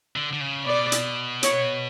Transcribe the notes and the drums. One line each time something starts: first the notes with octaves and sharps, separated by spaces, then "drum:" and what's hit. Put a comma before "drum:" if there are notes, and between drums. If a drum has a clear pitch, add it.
D3
D3
C#3
B2 D5
drum: hi-hat
C#5, drum: hi-hat